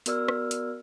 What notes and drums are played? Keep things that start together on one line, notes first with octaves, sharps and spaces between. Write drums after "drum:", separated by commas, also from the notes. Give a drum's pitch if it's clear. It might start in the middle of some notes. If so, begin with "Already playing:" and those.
B3 F#4 A#4 D5 E6 F6, drum: hi-hat
drum: rim click
drum: hi-hat